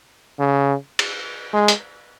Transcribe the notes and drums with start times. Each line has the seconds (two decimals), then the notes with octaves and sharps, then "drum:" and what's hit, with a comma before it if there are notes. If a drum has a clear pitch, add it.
0.39 C#3
0.99 drum: cymbal
1.54 G#3
1.68 drum: hi-hat